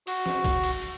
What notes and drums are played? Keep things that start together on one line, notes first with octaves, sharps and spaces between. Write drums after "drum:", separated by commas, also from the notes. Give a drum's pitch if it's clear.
F#4, drum: cymbal
drum: snare
drum: kick, cymbal
drum: cymbal
drum: cymbal